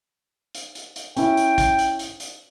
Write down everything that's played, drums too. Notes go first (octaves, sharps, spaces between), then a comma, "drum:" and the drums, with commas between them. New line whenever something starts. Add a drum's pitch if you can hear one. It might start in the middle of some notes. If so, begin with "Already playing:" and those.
drum: hi-hat
drum: hi-hat
drum: hi-hat
C#4 E4 G5, drum: hi-hat
drum: hi-hat
drum: kick, hi-hat
drum: hi-hat
drum: hi-hat
drum: hi-hat